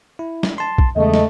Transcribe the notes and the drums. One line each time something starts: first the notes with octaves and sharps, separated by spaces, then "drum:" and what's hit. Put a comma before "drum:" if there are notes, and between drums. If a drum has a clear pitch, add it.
E4
drum: snare
A5 C6
drum: kick A#1
E2 C#3 G#3 A3 D#5
drum: snare